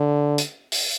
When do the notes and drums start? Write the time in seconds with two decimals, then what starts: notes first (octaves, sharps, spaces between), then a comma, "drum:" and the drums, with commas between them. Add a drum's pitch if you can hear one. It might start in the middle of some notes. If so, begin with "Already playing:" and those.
Already playing: D3
0.38 drum: hi-hat
0.72 drum: open hi-hat